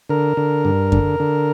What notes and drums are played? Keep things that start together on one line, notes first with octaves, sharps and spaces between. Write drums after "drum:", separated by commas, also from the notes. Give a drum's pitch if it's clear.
D3 A#4
D3
G2
D3, drum: kick F#2
D3